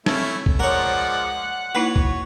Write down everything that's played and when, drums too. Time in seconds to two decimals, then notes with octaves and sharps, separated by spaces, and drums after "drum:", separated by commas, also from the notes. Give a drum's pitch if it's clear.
0.06 A3 C4 C#4 E4, drum: snare
0.46 drum: kick
0.59 F3 G#3 A#4 C#5 D5 F#5
1.75 A#3 D#4 E4 F#4 B4 C#5
1.96 drum: kick